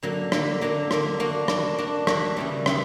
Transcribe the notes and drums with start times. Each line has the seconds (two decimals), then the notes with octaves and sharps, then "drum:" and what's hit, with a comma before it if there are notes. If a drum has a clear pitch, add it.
0.03 D3 F#3 A#3
0.32 D3 F#3 A#3, drum: rim click
0.61 D3 F#3 A#3
0.91 D3 F#3 A#3, drum: rim click
1.20 A#3 D4 F#4
1.48 A#3 D4 F#4, drum: rim click
1.79 A#3 D4 F#4
2.07 A#3 D4 F#4, drum: rim click
2.37 C#3 E3 G3
2.66 C#3 E3 G3, drum: rim click